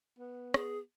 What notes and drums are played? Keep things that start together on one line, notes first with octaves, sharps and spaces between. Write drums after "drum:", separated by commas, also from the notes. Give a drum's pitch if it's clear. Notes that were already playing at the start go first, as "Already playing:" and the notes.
B3
G#4, drum: rim click